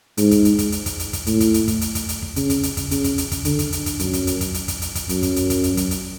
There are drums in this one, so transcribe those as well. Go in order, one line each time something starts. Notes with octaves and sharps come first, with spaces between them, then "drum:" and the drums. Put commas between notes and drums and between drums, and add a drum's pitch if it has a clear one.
G#2, drum: hi-hat
drum: kick, hi-hat
drum: hi-hat
drum: kick, hi-hat
drum: hi-hat
drum: kick, hi-hat
drum: hi-hat
drum: kick, hi-hat
A2, drum: hi-hat
drum: kick, hi-hat
drum: hi-hat
drum: kick, hi-hat
drum: hi-hat
drum: kick, hi-hat
drum: hi-hat
drum: kick
C#3, drum: hi-hat
drum: kick, hi-hat
drum: hi-hat
drum: kick, hi-hat
C#3, drum: hi-hat
drum: kick, hi-hat
drum: hi-hat
drum: kick, hi-hat
D3, drum: hi-hat
drum: kick, hi-hat
drum: hi-hat
drum: kick, hi-hat
F#2, drum: hi-hat
drum: kick, hi-hat
drum: hi-hat
drum: kick, hi-hat
drum: hi-hat
drum: kick, hi-hat
drum: hi-hat
drum: kick, hi-hat
F#2, drum: hi-hat
drum: kick, hi-hat
drum: hi-hat
drum: kick, hi-hat
drum: hi-hat
drum: kick, hi-hat
drum: hi-hat